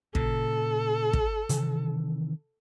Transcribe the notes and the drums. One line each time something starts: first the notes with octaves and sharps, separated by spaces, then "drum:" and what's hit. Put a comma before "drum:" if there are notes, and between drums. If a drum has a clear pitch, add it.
A#2 C#3 A4, drum: kick
drum: kick
C3 D#3 E3, drum: hi-hat